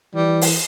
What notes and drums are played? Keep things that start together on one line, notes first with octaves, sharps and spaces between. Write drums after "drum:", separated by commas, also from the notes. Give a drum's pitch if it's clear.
E3 G3
drum: open hi-hat